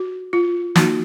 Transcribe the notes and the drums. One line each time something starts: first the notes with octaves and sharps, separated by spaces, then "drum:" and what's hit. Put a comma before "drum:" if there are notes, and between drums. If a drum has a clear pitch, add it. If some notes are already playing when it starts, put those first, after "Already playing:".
Already playing: F#4
F4
F3 A#3 D#4 F#4, drum: snare